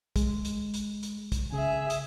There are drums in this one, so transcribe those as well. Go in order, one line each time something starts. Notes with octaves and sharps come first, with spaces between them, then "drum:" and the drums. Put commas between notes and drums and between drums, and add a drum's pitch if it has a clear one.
G#3, drum: kick, hi-hat
drum: hi-hat
drum: hi-hat
drum: hi-hat
drum: kick, hi-hat
C#3 G#4 E5
drum: hi-hat